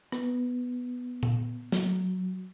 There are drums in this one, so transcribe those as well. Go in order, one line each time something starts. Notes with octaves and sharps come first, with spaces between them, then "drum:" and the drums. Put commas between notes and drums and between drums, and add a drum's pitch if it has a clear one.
B3, drum: rim click
drum: tom A#2
F#3, drum: snare